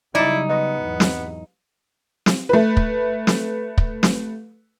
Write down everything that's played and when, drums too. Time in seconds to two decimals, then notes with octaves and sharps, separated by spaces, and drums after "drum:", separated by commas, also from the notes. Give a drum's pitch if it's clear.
0.15 C#3 F#3 G3 D#4 E4 D5
0.50 B3 D#5
0.82 E2 G#2 F#3
1.00 drum: snare
2.26 drum: snare
2.49 A3 B4
2.77 drum: kick
3.27 drum: snare
3.78 drum: kick
4.03 drum: snare